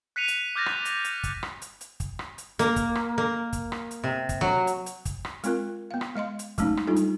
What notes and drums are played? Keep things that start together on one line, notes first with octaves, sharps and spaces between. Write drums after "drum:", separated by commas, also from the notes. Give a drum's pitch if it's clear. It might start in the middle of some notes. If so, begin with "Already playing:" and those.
F#6 B6 C#7 D#7 F7
drum: hi-hat
D6 F6 G6 A6 A#6
drum: rim click
drum: hi-hat
drum: hi-hat
drum: kick, hi-hat
drum: rim click
drum: hi-hat
drum: hi-hat
drum: kick, hi-hat
drum: rim click
drum: hi-hat
A#3, drum: hi-hat
drum: kick, hi-hat
drum: rim click
A#3
drum: kick, hi-hat
drum: rim click
drum: hi-hat
C3
drum: kick, hi-hat
F#3
drum: hi-hat
drum: hi-hat
drum: kick, hi-hat
drum: rim click
G#3 C4 F4 A#4, drum: hi-hat
B3 F5
drum: rim click
G#3 D#5 F5 C6
drum: hi-hat
F#3 G#3 A3 C#4 D#4, drum: kick, hi-hat
drum: rim click
G3 D4 D#4 F4 G4 A4
drum: hi-hat